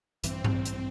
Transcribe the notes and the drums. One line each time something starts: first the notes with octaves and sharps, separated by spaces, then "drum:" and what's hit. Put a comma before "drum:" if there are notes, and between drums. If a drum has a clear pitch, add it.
A#1 G2 E3 C4, drum: hi-hat
drum: tom G2
drum: hi-hat